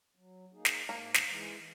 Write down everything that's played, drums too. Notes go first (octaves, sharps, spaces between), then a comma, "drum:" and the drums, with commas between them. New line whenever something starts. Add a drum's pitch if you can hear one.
F#3
A#3 D#4 G#4
drum: snare
G#2 A#3
drum: snare
E3 G#3